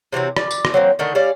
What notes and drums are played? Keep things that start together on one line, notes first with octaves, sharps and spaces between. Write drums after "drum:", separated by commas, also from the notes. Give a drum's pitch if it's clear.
C3 E3 F#3 C4
D5, drum: rim click
drum: tambourine
drum: rim click
F#3 A#3 C4
D3 D#3 A3
G3 C#4 D5 F5